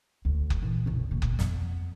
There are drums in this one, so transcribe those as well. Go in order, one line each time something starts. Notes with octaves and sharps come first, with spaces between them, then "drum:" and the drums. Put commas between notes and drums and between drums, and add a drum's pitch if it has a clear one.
D2
drum: kick F#1
A#2 E3
F#1 B1
D2 A#2
drum: kick F#1
F2 B3, drum: snare